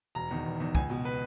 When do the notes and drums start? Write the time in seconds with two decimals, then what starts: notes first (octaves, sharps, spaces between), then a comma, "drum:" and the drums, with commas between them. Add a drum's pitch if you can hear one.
0.15 E1 A#5
0.31 E2 D#3
0.45 E1
0.60 E2 D#3
0.75 C#2 G#5, drum: kick
0.90 B2
1.05 B4